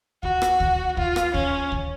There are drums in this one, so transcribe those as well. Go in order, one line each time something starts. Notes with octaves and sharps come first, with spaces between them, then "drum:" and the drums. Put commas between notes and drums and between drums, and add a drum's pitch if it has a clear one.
F#4, drum: kick D2
drum: rim click
drum: kick D2
F4, drum: kick D2
drum: rim click
C#4, drum: kick D2
drum: kick D2